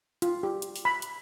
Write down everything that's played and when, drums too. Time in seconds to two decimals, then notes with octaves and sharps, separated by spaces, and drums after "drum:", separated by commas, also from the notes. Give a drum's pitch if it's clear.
0.22 F4, drum: hi-hat
0.43 G4
0.62 drum: hi-hat
0.76 drum: open hi-hat
0.85 B5
1.02 drum: hi-hat